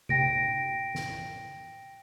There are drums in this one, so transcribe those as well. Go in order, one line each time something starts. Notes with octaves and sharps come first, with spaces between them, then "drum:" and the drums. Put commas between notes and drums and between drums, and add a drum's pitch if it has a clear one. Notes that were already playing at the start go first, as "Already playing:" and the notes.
G5 A#6 D7, drum: tom C3
drum: snare